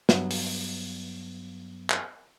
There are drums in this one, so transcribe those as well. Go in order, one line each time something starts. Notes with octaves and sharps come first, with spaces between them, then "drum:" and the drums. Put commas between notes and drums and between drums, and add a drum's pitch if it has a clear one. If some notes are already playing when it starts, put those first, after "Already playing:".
G2 F#3 B3, drum: snare
drum: open hi-hat
drum: clap